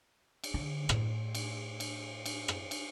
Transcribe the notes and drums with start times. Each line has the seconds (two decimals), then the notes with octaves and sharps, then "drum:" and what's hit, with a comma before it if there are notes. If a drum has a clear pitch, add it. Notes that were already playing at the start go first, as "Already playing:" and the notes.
0.44 drum: cymbal
0.54 D3
0.89 A2, drum: rim click
1.35 drum: cymbal
1.80 drum: cymbal
2.26 drum: cymbal
2.48 drum: rim click
2.71 drum: cymbal